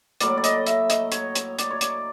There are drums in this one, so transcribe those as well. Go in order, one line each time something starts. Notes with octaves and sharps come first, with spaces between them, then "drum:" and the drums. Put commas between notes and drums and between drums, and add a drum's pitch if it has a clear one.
A2 F#3 A#3 D5, drum: hi-hat
D5
D#5, drum: hi-hat
E5, drum: hi-hat
D#5, drum: hi-hat
C#5, drum: hi-hat
C#5, drum: hi-hat
D5, drum: hi-hat
C#5
D5, drum: hi-hat